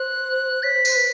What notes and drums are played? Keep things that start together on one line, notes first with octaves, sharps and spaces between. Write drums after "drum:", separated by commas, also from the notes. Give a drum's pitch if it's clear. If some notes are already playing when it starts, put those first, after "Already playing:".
Already playing: C5 F#6
C#5 B6
C5
C5, drum: tambourine
B4